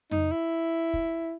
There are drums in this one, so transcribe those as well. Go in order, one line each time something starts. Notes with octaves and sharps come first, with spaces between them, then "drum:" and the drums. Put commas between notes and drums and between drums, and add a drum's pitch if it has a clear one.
D#4, drum: tom F2
E4
drum: kick